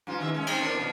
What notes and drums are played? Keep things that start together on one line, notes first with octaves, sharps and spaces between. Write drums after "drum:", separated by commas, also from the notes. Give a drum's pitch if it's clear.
G2 C#4 F4
D#3 E5
G#3 C#4
C4 D#4, drum: cymbal
E2 D4 A#4
B2 F3